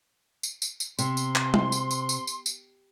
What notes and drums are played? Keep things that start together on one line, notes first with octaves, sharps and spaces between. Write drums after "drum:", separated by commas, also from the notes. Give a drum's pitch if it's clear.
drum: tambourine
drum: tambourine
drum: tambourine
C3 C6, drum: tambourine
drum: tambourine
drum: clap
drum: tom G3
drum: tambourine
drum: tambourine
drum: tambourine
drum: tambourine
drum: tambourine